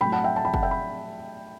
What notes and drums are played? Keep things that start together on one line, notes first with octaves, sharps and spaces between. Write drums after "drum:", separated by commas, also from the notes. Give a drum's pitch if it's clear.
A2 F#3 A3 G5 B5
F#5 A5
E5 G5
F#5 A5
G5 B5
F#5 A5, drum: kick
E5 G5
B5